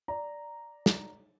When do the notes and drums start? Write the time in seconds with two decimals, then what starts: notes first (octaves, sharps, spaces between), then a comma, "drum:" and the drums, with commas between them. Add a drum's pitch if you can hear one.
0.08 D5 A#5
0.86 drum: snare